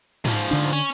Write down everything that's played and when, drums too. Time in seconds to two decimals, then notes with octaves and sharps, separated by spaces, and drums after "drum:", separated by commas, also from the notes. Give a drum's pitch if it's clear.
0.25 G#2 F3, drum: tom G#2
0.51 D3 D4
0.73 C#4